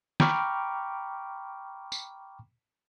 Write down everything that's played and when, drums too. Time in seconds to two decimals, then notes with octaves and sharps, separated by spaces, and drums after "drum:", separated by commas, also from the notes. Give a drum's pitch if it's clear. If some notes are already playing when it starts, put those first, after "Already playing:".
0.20 G5 A#5 B5 C#6 D6 F6, drum: snare
1.92 drum: tambourine